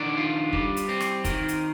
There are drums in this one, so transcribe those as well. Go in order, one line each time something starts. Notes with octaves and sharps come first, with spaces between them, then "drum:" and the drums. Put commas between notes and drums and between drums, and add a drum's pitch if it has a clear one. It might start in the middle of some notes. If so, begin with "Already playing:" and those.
Already playing: D#3 D4 D5
F4
G3, drum: kick
drum: hi-hat
C4
drum: rim click
D#3, drum: kick, hi-hat
drum: hi-hat